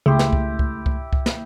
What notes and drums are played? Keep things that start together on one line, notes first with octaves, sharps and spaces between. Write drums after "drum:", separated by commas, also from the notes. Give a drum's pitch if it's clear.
C#2 C#3 A3 E4 G4 C6
drum: snare
drum: kick C2
drum: kick C2
drum: kick C2
drum: kick C2
drum: snare